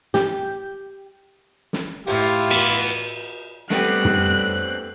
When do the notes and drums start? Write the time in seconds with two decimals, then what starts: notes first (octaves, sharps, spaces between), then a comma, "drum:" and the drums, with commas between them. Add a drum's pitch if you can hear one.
0.14 G4, drum: snare
1.73 drum: snare
2.07 A2 E4 F4 G4, drum: open hi-hat
2.51 E3 B3, drum: cymbal
3.70 G3 A3 B3 C4 D4 G4 F#6, drum: snare
4.05 drum: tom